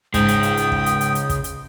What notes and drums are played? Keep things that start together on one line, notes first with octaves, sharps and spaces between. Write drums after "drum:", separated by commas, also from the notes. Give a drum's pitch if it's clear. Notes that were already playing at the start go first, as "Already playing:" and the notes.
G#2 C#3 G#3 G5 D#6, drum: kick, hi-hat
drum: hi-hat
drum: hi-hat
drum: hi-hat
drum: kick
drum: hi-hat
drum: hi-hat
drum: hi-hat
drum: kick, hi-hat
drum: hi-hat